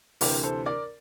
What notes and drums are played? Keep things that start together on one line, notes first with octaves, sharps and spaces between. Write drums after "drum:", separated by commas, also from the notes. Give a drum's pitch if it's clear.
D2 C3 E3 G4 A#4, drum: open hi-hat
A4 C5
A#4 D5